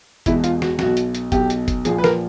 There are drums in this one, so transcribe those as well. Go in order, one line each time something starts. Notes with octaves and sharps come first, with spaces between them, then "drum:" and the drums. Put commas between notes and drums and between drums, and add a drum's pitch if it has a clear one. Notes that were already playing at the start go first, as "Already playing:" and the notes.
E1 E2 B2 E4, drum: kick F#1, hi-hat
F4, drum: hi-hat
F#4, drum: snare
B1 B2 F#4, drum: snare
drum: hi-hat
drum: hi-hat
B1 B2 G4, drum: kick F#1, hi-hat
drum: hi-hat
drum: kick F#1, hi-hat
A#1 A#2 F3 G#4, drum: hi-hat
B4
A#4, drum: snare